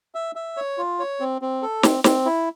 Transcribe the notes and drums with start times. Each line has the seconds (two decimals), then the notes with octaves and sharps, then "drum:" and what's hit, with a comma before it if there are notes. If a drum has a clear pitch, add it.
0.15 E5
0.35 E5
0.57 C#5
0.78 F4
0.99 C#5
1.20 C4
1.42 C4
1.62 A4
1.83 C4, drum: snare
2.04 C4, drum: snare
2.26 E4